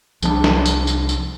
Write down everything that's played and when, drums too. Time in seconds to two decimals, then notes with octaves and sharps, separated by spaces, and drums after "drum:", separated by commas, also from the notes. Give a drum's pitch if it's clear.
0.22 C2 F3 G3 D4, drum: tambourine
0.44 drum: snare
0.66 drum: tambourine
0.87 drum: tambourine
1.09 drum: tambourine